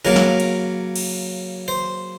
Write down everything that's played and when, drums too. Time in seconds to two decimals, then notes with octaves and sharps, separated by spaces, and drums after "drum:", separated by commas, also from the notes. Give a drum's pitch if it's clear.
0.05 C#3 F#3 A#3 A#4
0.16 drum: snare
0.40 drum: cymbal
0.96 drum: cymbal
1.68 C5